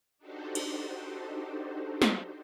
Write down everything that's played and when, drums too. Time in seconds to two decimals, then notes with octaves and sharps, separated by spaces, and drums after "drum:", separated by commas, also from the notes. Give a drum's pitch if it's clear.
0.18 D4 D#4 F#4 G4 A4 C5
0.55 drum: cymbal
2.02 drum: snare